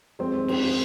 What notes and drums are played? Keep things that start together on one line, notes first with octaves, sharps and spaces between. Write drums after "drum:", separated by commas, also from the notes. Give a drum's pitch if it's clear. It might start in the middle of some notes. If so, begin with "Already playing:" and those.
F2 G#3 C4
D#3
F2 C4 D#4, drum: cymbal